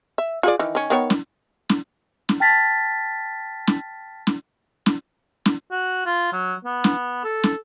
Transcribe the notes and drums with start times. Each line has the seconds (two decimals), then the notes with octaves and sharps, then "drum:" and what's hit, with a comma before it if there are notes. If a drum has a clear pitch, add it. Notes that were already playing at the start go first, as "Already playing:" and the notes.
0.18 E5
0.43 F4 G#4 D5
0.59 D#3 E3
0.75 D#3 C#4
0.90 D#3 B3 C#5
1.10 drum: snare
1.69 drum: snare
2.29 drum: snare
2.40 G5 A5 F6 A6 B6
3.67 drum: snare
4.27 drum: snare
4.86 drum: snare
5.46 drum: snare
5.71 F#4
6.06 F4
6.32 F#3
6.65 B3
6.84 drum: snare
7.24 A4
7.44 drum: snare